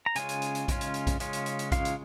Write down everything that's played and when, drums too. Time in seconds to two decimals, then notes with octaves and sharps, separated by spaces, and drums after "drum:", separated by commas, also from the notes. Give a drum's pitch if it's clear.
0.06 A#5
0.15 C#3 G#3 C#4 F4 G#5, drum: hi-hat
0.29 drum: hi-hat
0.42 drum: hi-hat
0.55 drum: hi-hat
0.68 C#3 G#3 C#4 F4, drum: kick A#1, hi-hat
0.81 drum: hi-hat
0.94 drum: hi-hat
1.07 drum: kick A#1, hi-hat
1.20 C#3 G#3 C#4 F4, drum: hi-hat
1.33 drum: hi-hat
1.46 drum: hi-hat
1.59 drum: hi-hat
1.72 C#3 G#3 C#4 F4 F5, drum: kick A#1, hi-hat
1.85 drum: hi-hat